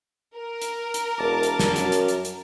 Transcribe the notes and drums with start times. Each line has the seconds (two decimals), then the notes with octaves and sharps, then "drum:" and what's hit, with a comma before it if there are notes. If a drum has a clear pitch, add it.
0.37 A#4
0.62 drum: hi-hat
0.94 drum: hi-hat
1.19 E1 A5 D6
1.43 drum: hi-hat
1.59 drum: snare
1.76 F#2, drum: hi-hat
1.92 drum: hi-hat
2.08 drum: hi-hat
2.25 drum: hi-hat